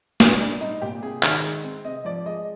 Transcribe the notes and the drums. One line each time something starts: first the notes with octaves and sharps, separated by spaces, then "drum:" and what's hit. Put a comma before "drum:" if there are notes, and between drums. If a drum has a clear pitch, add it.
A#2 D4, drum: snare
G3 D4
C4 D#4
A#2 G4
C3 G#4
D#3, drum: clap
G#3
C4
C3 D#5
F3 D5
G#3 D#5